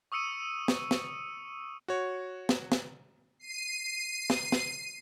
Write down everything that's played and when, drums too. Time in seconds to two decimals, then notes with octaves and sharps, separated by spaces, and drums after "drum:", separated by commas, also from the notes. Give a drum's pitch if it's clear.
0.12 C#6 D#6 E6 C#7 D#7
0.68 drum: snare
0.91 drum: snare
1.88 F#4 C#5
2.49 drum: snare
2.72 drum: snare
3.39 C7 D#7
4.30 drum: snare
4.52 drum: snare